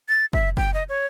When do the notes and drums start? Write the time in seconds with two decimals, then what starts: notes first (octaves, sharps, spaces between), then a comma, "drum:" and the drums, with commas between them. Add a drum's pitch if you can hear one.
0.09 A6
0.33 E5, drum: kick
0.57 G5, drum: kick
0.74 D#5
0.89 C#5